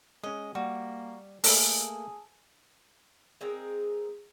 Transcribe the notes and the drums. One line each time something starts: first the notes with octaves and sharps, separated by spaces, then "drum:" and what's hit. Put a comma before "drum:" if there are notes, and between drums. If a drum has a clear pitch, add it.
G#3 C#4 D#5
G3 A#3 F#4
A3 A#3 G#4 A4, drum: open hi-hat
G#3 C4 D#4 A#4